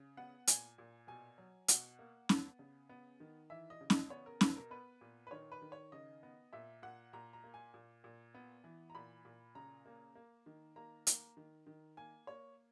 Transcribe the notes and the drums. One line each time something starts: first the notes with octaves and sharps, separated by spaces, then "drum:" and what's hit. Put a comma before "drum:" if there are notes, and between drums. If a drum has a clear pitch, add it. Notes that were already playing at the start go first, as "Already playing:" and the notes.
Already playing: C#3
B3 F#5
A#2 G#5, drum: hi-hat
A#2
B2 G#5
F#3
B2 F#5, drum: hi-hat
A#3
B3, drum: snare C#4
C#3
B3
D#3
E3 E5
D#5
C#3
D#5, drum: snare C#4
B3 C#5
A#4
B2 B4, drum: snare C#4
A#4
B3 B4
A#2
B4
D#3 C#5
B4
D#3
C#5
C#3 D#5
B3
A#2 E5
A#2 F#5
A#2 A#5
A#5
A#3
G#5
A#2
A#2
B3
E3
A#5
A#2 B5
A#2
C#3 A#5
A#3
A#3
D#3
A#3 A#5
A#3, drum: hi-hat
D#3
D#3
A#3 G#5
A#3 C#5